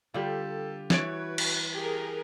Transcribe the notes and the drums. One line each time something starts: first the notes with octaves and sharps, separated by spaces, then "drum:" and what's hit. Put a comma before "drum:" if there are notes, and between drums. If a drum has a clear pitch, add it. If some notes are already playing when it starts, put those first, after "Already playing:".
D3 G3 F4 G4 A4
E3 F#4 B4 C#5 G#6 A6 D7, drum: snare
drum: cymbal
G4 G#4 A#4